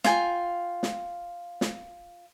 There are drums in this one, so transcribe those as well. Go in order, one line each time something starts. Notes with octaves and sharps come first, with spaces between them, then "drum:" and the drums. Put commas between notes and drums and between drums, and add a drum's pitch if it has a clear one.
F4 G5 G#5, drum: snare
drum: snare
drum: snare